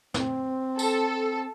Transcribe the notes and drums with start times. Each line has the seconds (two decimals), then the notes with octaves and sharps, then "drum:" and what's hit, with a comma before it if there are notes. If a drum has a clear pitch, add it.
0.14 C4, drum: snare
0.79 A4, drum: tambourine